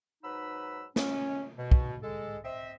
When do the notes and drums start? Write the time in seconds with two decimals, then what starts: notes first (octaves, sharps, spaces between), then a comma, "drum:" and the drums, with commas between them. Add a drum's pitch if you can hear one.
0.23 G#2 F#3 D#4 B4 B5 E6
0.96 C#4, drum: snare
1.57 B2
1.72 drum: kick
2.03 G#3 A4
2.44 C4 D#5 E5